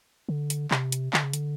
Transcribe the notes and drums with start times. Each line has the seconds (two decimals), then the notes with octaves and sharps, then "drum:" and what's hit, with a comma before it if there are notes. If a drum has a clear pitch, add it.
0.29 D3
0.50 drum: hi-hat
0.71 C3, drum: clap
0.92 drum: hi-hat
1.13 D3, drum: clap
1.23 C#3
1.33 D3, drum: hi-hat